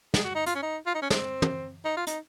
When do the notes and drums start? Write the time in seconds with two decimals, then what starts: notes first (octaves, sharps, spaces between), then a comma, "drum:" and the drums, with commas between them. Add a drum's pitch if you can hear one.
0.14 G#4, drum: snare
0.24 F#4
0.35 D#4
0.46 F4, drum: hi-hat
0.55 C#4
0.62 D#4
0.86 F4
0.95 D#4
1.02 C#4
1.10 C4, drum: snare
1.42 drum: tom
1.85 D#4
1.96 F4
2.07 D#4, drum: hi-hat